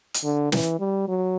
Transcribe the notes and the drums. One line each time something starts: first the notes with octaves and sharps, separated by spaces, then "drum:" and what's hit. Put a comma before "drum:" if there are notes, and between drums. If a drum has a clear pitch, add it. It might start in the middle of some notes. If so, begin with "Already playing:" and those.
drum: hi-hat
D3
E3, drum: snare
G3
F#3